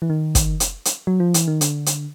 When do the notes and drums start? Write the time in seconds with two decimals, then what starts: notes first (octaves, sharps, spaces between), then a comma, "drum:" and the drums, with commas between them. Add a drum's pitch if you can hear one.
0.02 E3
0.10 D#3
0.35 drum: kick, hi-hat
0.60 drum: hi-hat
0.85 drum: hi-hat
1.07 F#3
1.20 F3
1.34 E3, drum: hi-hat
1.48 D#3
1.61 D3, drum: hi-hat
1.86 drum: hi-hat